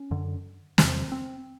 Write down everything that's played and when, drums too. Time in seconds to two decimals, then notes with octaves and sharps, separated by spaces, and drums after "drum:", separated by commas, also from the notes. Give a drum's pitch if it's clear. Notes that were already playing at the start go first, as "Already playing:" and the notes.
Already playing: C#4
0.11 F#2 D3
0.78 E2 C3 C4, drum: snare
1.12 C4